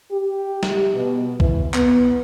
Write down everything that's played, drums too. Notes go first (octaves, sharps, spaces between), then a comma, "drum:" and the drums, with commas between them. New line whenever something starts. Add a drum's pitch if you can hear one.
G4
drum: snare
B2
E3, drum: kick B1
B3, drum: clap